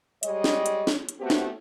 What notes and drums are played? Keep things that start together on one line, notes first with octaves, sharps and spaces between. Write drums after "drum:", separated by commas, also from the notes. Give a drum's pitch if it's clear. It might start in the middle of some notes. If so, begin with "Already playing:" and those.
G3 G#3 C#5 D#5, drum: hi-hat
drum: snare
drum: hi-hat
drum: snare
drum: hi-hat
A3 B3 C4 F#4 G4
drum: snare